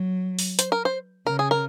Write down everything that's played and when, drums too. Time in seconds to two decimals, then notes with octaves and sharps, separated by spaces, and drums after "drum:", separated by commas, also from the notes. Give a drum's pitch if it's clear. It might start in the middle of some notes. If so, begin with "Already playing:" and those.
Already playing: F#3
0.39 drum: open hi-hat
0.59 C5, drum: hi-hat
0.72 A#4
0.85 C5
1.27 C#3 A#4
1.39 G#4
1.51 A#4